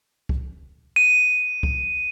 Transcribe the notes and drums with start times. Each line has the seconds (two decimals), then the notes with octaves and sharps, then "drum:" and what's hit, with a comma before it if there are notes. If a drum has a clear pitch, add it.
0.29 drum: kick
0.96 D#7
1.63 drum: kick